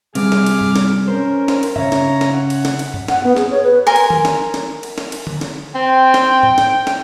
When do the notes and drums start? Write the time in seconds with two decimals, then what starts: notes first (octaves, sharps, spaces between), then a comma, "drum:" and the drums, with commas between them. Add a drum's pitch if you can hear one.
0.15 C3 G3 G#4 D6 F6, drum: cymbal
0.32 drum: snare
0.46 drum: cymbal
0.61 drum: tom G2
0.76 drum: snare
1.08 C#4 A#4 C5
1.48 drum: snare
1.63 drum: cymbal
1.76 C#3 C#5 E5 A#5, drum: tom G2
1.92 drum: snare
2.21 drum: snare
2.31 F#5
2.50 drum: cymbal
2.65 drum: snare
2.79 drum: cymbal
2.94 drum: tom G2
3.08 F#5, drum: snare
3.24 B3
3.36 G#4, drum: snare
3.50 C#5
3.63 B4
3.87 A#4 G#5 C6
3.96 drum: cymbal
4.10 drum: tom D#3
4.25 drum: snare
4.54 drum: snare
4.83 drum: cymbal
4.98 drum: snare
5.12 drum: cymbal
5.27 drum: tom D3
5.41 drum: snare
5.75 C4 G5
6.14 drum: snare
6.43 drum: tom A2
6.58 drum: snare
6.87 drum: snare